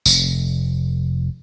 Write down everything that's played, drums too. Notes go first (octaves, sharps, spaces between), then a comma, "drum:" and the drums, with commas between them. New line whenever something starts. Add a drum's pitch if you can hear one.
F1, drum: tambourine